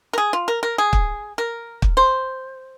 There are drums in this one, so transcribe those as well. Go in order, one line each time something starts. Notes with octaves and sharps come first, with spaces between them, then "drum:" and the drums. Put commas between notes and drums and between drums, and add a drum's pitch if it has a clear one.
A#4
G#4
F4
A#4
A#4
G#4
drum: kick
A#4
drum: kick
C5